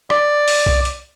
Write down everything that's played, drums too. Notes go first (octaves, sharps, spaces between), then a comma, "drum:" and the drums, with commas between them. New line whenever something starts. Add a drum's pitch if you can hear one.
D5, drum: rim click
drum: open hi-hat
drum: kick B1
drum: hi-hat